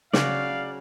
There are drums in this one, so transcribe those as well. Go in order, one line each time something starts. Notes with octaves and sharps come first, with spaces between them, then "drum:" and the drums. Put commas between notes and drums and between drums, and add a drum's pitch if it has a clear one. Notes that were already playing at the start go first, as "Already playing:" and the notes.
C#3 F#3 D5 F5, drum: snare